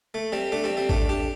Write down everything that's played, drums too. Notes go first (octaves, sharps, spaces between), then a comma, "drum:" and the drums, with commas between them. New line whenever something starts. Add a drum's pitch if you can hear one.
A3
G3 C4
A3 D4
G3 C4
G3 C4
A3 D4, drum: kick G#1
D4 G4